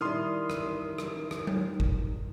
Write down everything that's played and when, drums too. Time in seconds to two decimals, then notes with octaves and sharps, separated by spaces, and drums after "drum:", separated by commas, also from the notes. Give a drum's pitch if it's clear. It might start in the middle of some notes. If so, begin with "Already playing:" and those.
0.01 D#3 G3 E4 C6 D#6 F6
0.50 drum: rim click
0.98 drum: rim click
1.31 drum: rim click
1.47 drum: tom F#3
1.80 drum: kick G1